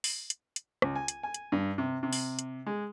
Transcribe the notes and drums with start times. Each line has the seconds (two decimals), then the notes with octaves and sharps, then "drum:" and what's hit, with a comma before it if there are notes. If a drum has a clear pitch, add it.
0.04 drum: open hi-hat
0.30 drum: hi-hat
0.56 drum: hi-hat
0.82 C#2, drum: rim click
0.96 G#5
1.08 drum: hi-hat
1.23 G#5
1.34 drum: hi-hat
1.52 G2
1.78 C3
2.03 C3
2.13 drum: open hi-hat
2.39 drum: hi-hat
2.67 G#3